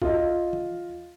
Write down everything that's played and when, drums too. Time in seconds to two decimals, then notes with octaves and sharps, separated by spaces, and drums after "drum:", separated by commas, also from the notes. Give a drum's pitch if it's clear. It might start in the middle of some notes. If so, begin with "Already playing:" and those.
0.02 F4 D#5, drum: kick A#1
0.53 drum: tom